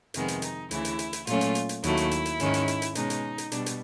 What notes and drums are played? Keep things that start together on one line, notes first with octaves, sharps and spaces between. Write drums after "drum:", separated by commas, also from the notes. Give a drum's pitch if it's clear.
F2 C3 D#3 G#3 B3, drum: hi-hat
drum: hi-hat
D#4, drum: hi-hat
D2 C#3 E3 E4, drum: hi-hat
drum: hi-hat
drum: hi-hat
drum: hi-hat
A#2 F#3 A3 C#4 F4, drum: hi-hat
drum: hi-hat
drum: hi-hat
drum: hi-hat
D#2 D#3 F#3 A3 E4, drum: hi-hat
drum: hi-hat
drum: hi-hat
drum: hi-hat
G#2 D#3 G#3 C#4, drum: hi-hat
drum: hi-hat
drum: hi-hat
drum: hi-hat
B2 G#3 C#4 D#4, drum: hi-hat
drum: hi-hat
drum: hi-hat
B2 G3 D4, drum: hi-hat
drum: hi-hat